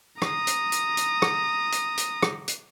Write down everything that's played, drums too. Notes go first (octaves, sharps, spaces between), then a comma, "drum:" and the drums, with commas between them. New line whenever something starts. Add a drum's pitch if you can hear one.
A#5 D#6, drum: rim click
drum: hi-hat
drum: hi-hat
drum: hi-hat
drum: rim click
drum: hi-hat
drum: hi-hat
drum: rim click
drum: hi-hat